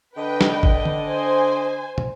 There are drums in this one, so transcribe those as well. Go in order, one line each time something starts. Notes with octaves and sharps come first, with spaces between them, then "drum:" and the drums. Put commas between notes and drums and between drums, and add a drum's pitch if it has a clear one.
D3 D4 B4 D#5 G5
drum: snare
drum: kick G1
drum: tom
C5 G#5
drum: tom